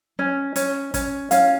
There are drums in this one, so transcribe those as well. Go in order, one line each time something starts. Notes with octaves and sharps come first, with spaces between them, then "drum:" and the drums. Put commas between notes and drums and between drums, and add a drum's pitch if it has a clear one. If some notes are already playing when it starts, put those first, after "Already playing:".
C#4
C#4, drum: hi-hat
C#4, drum: kick, hi-hat
C#4 F5, drum: hi-hat